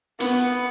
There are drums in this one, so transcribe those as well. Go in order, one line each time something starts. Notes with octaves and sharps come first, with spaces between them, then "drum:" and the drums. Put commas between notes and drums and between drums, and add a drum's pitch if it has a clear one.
B3, drum: hi-hat